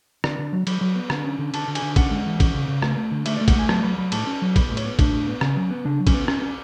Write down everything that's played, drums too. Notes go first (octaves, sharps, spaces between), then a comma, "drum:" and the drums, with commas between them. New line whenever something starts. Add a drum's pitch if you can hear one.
D3 D5, drum: rim click
D3
F#3
F#3 B5, drum: cymbal
F#3
B3
D3, drum: rim click
C#4
D3
D3 A5, drum: cymbal
D3
G#5, drum: cymbal
D3
C#4 F#5, drum: kick, cymbal
G#3
E3
C#4, drum: kick, cymbal
C#3
C#3
A3, drum: rim click
A3
D3
A3 E5, drum: cymbal
D5
A3
F#5, drum: kick, cymbal
A3 G#5
F#3 A5, drum: rim click
F#3 B5
F#3 B5
A2 A5, drum: cymbal
C#4
F#3
B3 B5, drum: kick, cymbal
A2
C#5, drum: cymbal
B3
A2 D4, drum: kick, cymbal
A2
B3
C#3 C#4, drum: rim click
F#3
B3
C#3 D4
F#3
C#4, drum: kick, cymbal
B3
C#4, drum: rim click
C#4